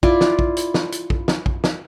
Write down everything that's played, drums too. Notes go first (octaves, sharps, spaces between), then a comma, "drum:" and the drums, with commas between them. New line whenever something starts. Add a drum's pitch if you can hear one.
E4 F4 D5, drum: kick
drum: snare
drum: kick
drum: hi-hat
drum: snare
drum: hi-hat
drum: kick
drum: snare
drum: kick
drum: snare